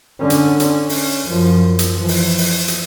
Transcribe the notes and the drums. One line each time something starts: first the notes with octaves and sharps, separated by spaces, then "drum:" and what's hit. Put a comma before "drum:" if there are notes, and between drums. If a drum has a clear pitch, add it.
D3 C#4
drum: hi-hat
C#4, drum: hi-hat
drum: open hi-hat
F#2 F3
drum: hi-hat
E3 F3
drum: open hi-hat
drum: open hi-hat
drum: hi-hat